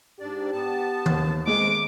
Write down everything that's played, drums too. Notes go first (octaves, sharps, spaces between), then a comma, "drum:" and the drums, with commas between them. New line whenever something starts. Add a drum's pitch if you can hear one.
G#2 D4 G4 D5
B3 A5
D#2, drum: tom D#3
E2 G#3 C4 G#4 D#5 D6